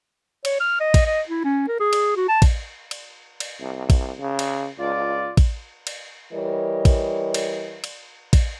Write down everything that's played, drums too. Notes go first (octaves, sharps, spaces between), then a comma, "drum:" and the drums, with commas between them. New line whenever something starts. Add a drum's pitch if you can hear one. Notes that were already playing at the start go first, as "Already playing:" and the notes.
C#5, drum: cymbal
F6
D#5
drum: kick, cymbal
D#5
E4
C#4
A#4
G#4
drum: cymbal
F#4
A5
drum: kick, cymbal
drum: cymbal
drum: cymbal
C2
drum: kick, cymbal
C#3
drum: cymbal
C#2 F4 D5
drum: kick, cymbal
drum: cymbal
E3 G3 A#4 C#5 D#5
drum: kick, cymbal
drum: cymbal
drum: cymbal
drum: kick, cymbal